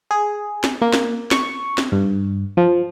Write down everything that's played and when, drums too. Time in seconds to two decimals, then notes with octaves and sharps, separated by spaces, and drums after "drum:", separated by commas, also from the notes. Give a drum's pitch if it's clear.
0.11 G#4
0.64 drum: snare
0.82 A#3
0.93 drum: snare
1.31 C#6, drum: snare
1.78 drum: snare
1.92 G2
2.57 F3